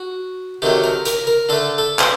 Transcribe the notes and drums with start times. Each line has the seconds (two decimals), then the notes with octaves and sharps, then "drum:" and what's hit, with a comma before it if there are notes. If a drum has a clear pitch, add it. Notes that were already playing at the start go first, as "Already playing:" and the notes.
Already playing: F#4
0.62 C3 D#3 F#3 A3 G4
0.84 A#4
1.05 A#4, drum: hi-hat
1.27 A#4
1.49 D3 A3 A4
1.78 A4
1.99 C5, drum: clap